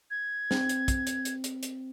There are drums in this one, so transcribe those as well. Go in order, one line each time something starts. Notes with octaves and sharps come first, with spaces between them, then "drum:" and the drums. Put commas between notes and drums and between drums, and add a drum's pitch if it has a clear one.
G#6
C4, drum: snare
drum: hi-hat
drum: kick, hi-hat
drum: hi-hat
drum: hi-hat
drum: hi-hat
drum: hi-hat